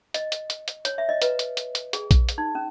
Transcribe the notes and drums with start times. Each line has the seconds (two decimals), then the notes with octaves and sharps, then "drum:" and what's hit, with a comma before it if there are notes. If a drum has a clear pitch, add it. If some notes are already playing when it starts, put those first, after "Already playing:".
0.14 D#5, drum: hi-hat
0.32 drum: hi-hat
0.50 drum: hi-hat
0.68 drum: hi-hat
0.85 C#5, drum: hi-hat
0.98 E5
1.09 D#5
1.22 B4, drum: hi-hat
1.39 drum: hi-hat
1.57 drum: hi-hat
1.75 drum: hi-hat
1.93 G#4, drum: hi-hat
2.11 drum: kick A#1, hi-hat
2.29 drum: hi-hat
2.38 D#4
2.55 C#4